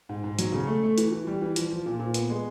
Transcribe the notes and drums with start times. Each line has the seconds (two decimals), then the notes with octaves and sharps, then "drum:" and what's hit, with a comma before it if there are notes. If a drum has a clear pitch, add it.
0.09 G#2
0.24 G#2
0.39 F#3, drum: hi-hat
0.52 C#3
0.67 A3
0.83 A3
0.98 E3, drum: hi-hat
1.12 E3
1.27 G3
1.41 E3
1.56 F3, drum: hi-hat
1.71 F3
1.86 A#2
2.00 A#2
2.14 B3, drum: hi-hat
2.30 G#3